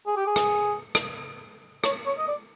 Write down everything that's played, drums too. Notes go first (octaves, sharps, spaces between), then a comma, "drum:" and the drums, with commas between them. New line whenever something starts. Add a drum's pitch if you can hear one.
G#4
G4
G#4
drum: rim click
drum: rim click
C#5, drum: rim click
C#5
D#5
D5